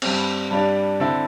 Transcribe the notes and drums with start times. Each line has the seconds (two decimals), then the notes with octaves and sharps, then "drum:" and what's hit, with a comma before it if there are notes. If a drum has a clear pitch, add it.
0.02 G2 G3 C4, drum: cymbal
0.51 G2 G3 D4
1.00 D3 C4 E4